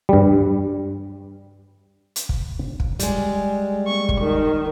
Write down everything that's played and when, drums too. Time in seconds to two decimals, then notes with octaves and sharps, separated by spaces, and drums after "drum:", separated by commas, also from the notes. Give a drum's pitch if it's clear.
0.09 G2 G3
2.16 drum: hi-hat
2.29 drum: kick
2.80 drum: kick
3.00 G3 G#3, drum: hi-hat
3.88 C#6
4.09 drum: kick
4.21 D#3